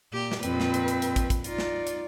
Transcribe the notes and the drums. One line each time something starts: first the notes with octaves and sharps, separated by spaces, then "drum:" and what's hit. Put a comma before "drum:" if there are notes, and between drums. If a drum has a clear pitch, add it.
A#2 G4
drum: snare
F2 A#2 C4 B4, drum: hi-hat
drum: snare
drum: hi-hat
drum: hi-hat
drum: hi-hat
drum: kick, hi-hat
drum: kick, hi-hat
D#4 F4 D5, drum: hi-hat
drum: snare
drum: hi-hat